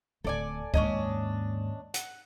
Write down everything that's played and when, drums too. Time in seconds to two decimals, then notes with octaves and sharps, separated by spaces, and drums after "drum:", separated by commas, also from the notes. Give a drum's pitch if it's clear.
0.24 D1 A4 D5 G#5
0.74 D#2 G#2 C#4 D4 D#5, drum: kick C#2
1.94 F#5, drum: hi-hat